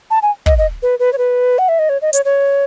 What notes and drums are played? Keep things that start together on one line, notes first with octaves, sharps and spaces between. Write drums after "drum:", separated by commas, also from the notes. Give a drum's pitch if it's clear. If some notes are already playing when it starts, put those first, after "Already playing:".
A5
G#5
D#5, drum: kick
D#5
B4
B4
C#5
B4
F#5
E5
D#5
C#5
D#5
C#5, drum: hi-hat
C#5